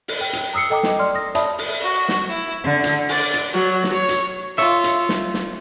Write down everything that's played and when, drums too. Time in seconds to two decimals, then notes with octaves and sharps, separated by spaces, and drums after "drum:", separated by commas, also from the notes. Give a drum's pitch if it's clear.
0.08 drum: open hi-hat
0.21 G5
0.33 drum: hi-hat
0.53 A#5 D#6 E6 C7 C#7
0.70 A4 D#5 G5 A#5 D6
0.83 drum: snare
0.99 D5 C6 F6
1.14 D#6 A#6
1.35 C#5 D5 E5 A5 B5 D#6, drum: hi-hat
1.58 drum: open hi-hat
1.80 F#4
2.09 drum: snare
2.29 E4
2.63 D3
2.84 drum: hi-hat
3.09 D5, drum: open hi-hat
3.34 drum: hi-hat
3.52 F#3
3.84 drum: snare
3.93 C#5
4.09 drum: hi-hat
4.58 F4 C#5 E5
4.84 drum: hi-hat
5.09 drum: snare
5.34 drum: snare